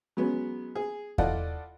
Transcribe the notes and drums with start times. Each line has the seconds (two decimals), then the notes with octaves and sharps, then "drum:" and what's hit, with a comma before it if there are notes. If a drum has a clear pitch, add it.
0.17 F#3 G#3 B3 C#4
0.75 G#4
1.18 E4 F4 A4 D5 D#5 F#5, drum: kick E2